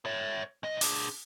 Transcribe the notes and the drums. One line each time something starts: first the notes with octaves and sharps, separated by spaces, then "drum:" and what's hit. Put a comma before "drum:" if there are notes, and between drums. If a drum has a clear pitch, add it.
C#5 E5
B1 D#5
D4 G#4, drum: open hi-hat